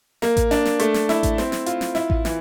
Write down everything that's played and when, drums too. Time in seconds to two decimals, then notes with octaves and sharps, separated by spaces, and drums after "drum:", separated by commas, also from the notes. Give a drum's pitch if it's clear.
0.22 A#3, drum: snare
0.37 drum: kick A1, hi-hat
0.51 D4, drum: snare
0.65 drum: snare
0.79 A3, drum: hi-hat
0.94 drum: snare
1.09 E4, drum: snare
1.23 drum: kick A1, hi-hat
1.38 C4, drum: snare
1.52 drum: snare
1.66 F4, drum: hi-hat
1.81 drum: snare
1.95 E4, drum: snare
2.10 drum: kick A1
2.25 E3, drum: snare